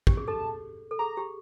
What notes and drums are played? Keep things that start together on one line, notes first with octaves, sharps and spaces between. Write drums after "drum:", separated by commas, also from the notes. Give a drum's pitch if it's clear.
G4, drum: kick
G#4
A4 A5
A4
G#4 A#5
G4